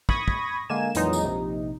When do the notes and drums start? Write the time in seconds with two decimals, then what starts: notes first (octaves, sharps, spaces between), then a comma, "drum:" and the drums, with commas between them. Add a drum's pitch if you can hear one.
0.09 B5 C#6 D#6 G#6 A#6, drum: kick
0.28 drum: kick
0.70 D3 G#3 A#3 G#5 E7
0.95 F2 A#2 E3 F#3 G#3 D#4, drum: hi-hat
1.13 drum: tambourine
1.22 A#1 C3 D#4